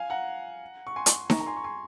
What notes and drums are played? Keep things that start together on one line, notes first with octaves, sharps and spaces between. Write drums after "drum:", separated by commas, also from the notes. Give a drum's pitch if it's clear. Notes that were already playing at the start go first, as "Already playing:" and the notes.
Already playing: F5 G#5
F#5 A#5
C#6
G#5 C6
drum: hi-hat
A#5 C#6, drum: snare D#4
A#5
G#5 C6
C#6
G#5 C6